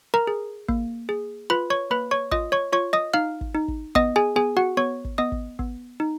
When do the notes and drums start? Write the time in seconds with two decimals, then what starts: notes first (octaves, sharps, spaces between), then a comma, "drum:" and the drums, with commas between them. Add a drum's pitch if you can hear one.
0.14 A#4 A#5
0.27 G#4
0.69 A#3, drum: kick
1.09 G#4
1.50 F4 B4 B5
1.70 C#5 C#6
1.90 A#3 B4 B5
2.11 C#5 C#6
2.32 F4 D#5 D#6, drum: kick
2.52 C#5 C#6
2.73 F4 C#5 C#6
2.93 D#5 D#6
3.14 D#4 F5 F6
3.41 drum: kick
3.55 D#4
3.68 drum: kick
3.95 B3 D#5 D#6, drum: kick
4.16 G#4 G#5
4.36 B3 G#4 G#5
4.57 F#4 F#5
4.77 B3 C#5 C#6
5.05 drum: kick
5.18 B3 D#5 D#6
5.32 drum: kick
5.59 B3, drum: kick
6.00 D#4